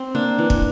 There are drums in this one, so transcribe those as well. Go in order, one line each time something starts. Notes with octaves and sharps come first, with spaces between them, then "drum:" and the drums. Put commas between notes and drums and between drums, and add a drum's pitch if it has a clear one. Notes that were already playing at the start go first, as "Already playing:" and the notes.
Already playing: C4
A#3 D4
E3
drum: kick